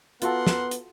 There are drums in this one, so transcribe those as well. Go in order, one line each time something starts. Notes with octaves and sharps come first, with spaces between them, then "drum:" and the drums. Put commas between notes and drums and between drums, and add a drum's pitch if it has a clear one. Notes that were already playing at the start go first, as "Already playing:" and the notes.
B3 F4 F#4 A4 A#4 F#5 C6, drum: hi-hat
drum: snare
drum: hi-hat